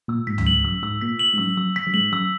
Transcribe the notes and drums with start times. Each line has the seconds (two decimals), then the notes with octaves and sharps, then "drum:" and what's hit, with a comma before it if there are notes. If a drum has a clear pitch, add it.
0.08 A#2 E6
0.27 G#2 B6
0.38 F#2, drum: tom C#2
0.46 G#2 F#7
0.64 F#2 E6
0.83 G#2 E6
1.01 A#2 B6
1.19 F#7
1.33 G#2
1.38 F#2 E6
1.57 F#2 E6
1.76 B6
1.87 F#2
1.94 G#2 F#7
2.12 F#2 E6